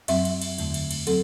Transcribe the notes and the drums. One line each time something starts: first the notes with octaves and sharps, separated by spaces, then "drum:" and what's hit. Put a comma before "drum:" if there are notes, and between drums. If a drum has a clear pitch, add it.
F#2 F#3 C4 E5, drum: cymbal
drum: cymbal
drum: cymbal
E2 D3 A3, drum: cymbal
drum: cymbal
drum: cymbal
F#3 C4 A4, drum: cymbal